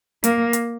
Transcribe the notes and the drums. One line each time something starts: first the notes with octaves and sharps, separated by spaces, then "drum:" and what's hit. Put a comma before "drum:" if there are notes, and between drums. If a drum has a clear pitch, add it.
A#3, drum: hi-hat
drum: hi-hat